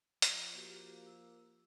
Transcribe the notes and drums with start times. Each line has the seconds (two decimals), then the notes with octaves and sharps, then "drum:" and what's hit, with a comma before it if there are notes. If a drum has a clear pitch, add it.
0.22 F3, drum: hi-hat
0.55 A#3 F#4 G4
1.06 E6